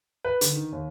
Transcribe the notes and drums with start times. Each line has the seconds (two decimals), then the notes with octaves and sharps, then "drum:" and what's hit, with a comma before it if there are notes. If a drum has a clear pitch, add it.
0.25 B4
0.41 D3, drum: hi-hat
0.53 D#3
0.73 D#2